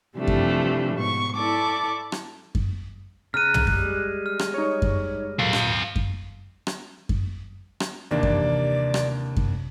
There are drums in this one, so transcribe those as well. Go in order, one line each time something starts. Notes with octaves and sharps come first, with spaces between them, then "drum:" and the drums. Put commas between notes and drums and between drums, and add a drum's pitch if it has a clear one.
C3 E3 F3 G3 A3 D4
drum: kick F#2
G#2 B2 C#6
E4 A4 D5 C#6 D6
drum: rim click
drum: kick F#2
C#3 A#5 F6 F#6 D#7
drum: tom
G3 G#3 F#6, drum: kick F#2
F6
drum: rim click
D#4 C#5
drum: kick F#2
A#2 A4 F5
drum: rim click
drum: kick F#2
drum: rim click
drum: kick F#2
drum: rim click
D#2 C3 E3 A#3 D4 D5
drum: kick F#2
drum: rim click
drum: kick F#2